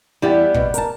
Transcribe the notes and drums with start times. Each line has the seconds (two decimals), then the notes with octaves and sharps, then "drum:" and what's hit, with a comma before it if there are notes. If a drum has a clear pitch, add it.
0.22 E2 G3 B3 E4 G4
0.54 B2, drum: kick
0.74 A#4 A5, drum: hi-hat